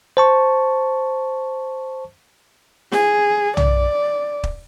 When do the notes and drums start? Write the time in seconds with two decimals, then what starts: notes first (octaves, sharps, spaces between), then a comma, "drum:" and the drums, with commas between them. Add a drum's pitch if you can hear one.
0.17 C5 A5 C#6
2.92 G#4, drum: snare
3.57 D5, drum: tom
4.44 drum: kick